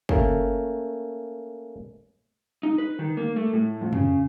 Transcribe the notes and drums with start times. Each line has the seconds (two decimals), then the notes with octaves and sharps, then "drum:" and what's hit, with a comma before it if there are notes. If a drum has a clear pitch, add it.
0.09 A3 A#3 C#4, drum: kick
2.63 D#4
2.78 B4
2.99 D#3
3.17 A#3
3.36 A3
3.53 A2
3.81 F2
3.93 C#3, drum: tom F2